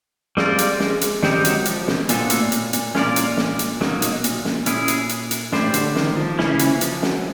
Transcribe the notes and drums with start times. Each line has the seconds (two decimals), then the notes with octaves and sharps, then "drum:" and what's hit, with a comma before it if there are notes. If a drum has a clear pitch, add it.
0.37 G3 G#3 C4 F4 A#4 D5, drum: snare
0.59 drum: hi-hat
0.80 G#3, drum: snare
1.01 drum: hi-hat
1.22 D#3 G3 G#3 C4 D#4 G4, drum: snare
1.45 F#3, drum: hi-hat
1.65 F3, drum: hi-hat
1.88 B2, drum: snare
2.09 A#2 B3 D4 F4 A4, drum: hi-hat
2.30 A2, drum: hi-hat
2.52 A#2, drum: hi-hat
2.73 A#2, drum: hi-hat
2.95 A#2 C#4 F4 A#4 D5, drum: snare
3.16 drum: hi-hat
3.37 A#2, drum: snare
3.59 drum: hi-hat
3.81 B2 F#3 A#3 D#4, drum: snare
4.02 drum: hi-hat
4.24 A#2, drum: hi-hat
4.45 drum: snare
4.66 A#2 C#4 E4 G#4, drum: hi-hat
4.88 drum: hi-hat
5.09 drum: hi-hat
5.31 drum: hi-hat
5.52 A2 D4 G4 C5, drum: snare
5.74 D3, drum: hi-hat
5.96 D#3, drum: snare
6.16 F3
6.39 C#3 E3 F3 A#3 C#4 E4, drum: snare
6.59 E3, drum: hi-hat
6.81 F3, drum: hi-hat
7.02 F#3, drum: snare